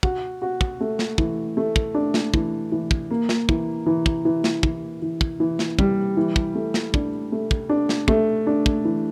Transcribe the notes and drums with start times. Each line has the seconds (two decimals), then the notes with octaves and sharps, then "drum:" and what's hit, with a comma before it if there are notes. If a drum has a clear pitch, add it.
0.03 F#4, drum: kick
0.42 F#4
0.61 drum: kick
0.81 A3
0.99 drum: snare
1.18 E3, drum: kick
1.57 A3
1.76 drum: kick
1.95 D4
2.14 drum: snare
2.34 E3, drum: kick
2.72 E3
2.91 drum: kick
3.11 A#3
3.29 drum: snare
3.49 E3, drum: kick
3.86 E3
4.06 drum: kick
4.25 E3
4.44 drum: snare
4.63 E3, drum: kick
5.02 E3
5.21 drum: kick
5.40 E3
5.59 drum: snare
5.79 G3, drum: kick
6.17 E3
6.36 drum: kick
6.55 A3
6.74 drum: snare
6.94 D4, drum: kick
7.32 A3
7.51 drum: kick
7.69 D4
7.89 drum: snare
8.08 A3, drum: kick
8.47 D4
8.66 drum: kick
8.85 E3